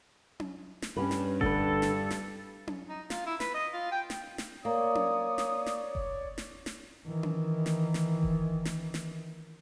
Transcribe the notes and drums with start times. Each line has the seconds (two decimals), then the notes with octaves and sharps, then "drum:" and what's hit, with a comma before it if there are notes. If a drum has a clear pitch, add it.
0.40 drum: tom C#4
0.82 drum: snare
0.97 G2 C#4 G4 B4
1.11 drum: snare
1.41 D3 A4 B4, drum: kick F#1
1.82 drum: snare
2.11 drum: snare
2.67 drum: tom C#4
2.89 D#4
3.10 F4, drum: snare
3.26 E4
3.40 B4, drum: snare
3.54 D#5
3.73 F4
3.92 G5
4.10 drum: snare
4.38 drum: snare
4.65 A#3 C#5 D5 D#6
4.95 drum: tom C#4
5.38 drum: snare
5.66 drum: snare
5.95 drum: kick F#1
6.38 drum: snare
6.66 drum: snare
7.06 D#3 E3
7.23 drum: tom C#4
7.66 drum: snare
7.94 drum: snare
8.23 drum: kick F#1
8.65 drum: snare
8.94 drum: snare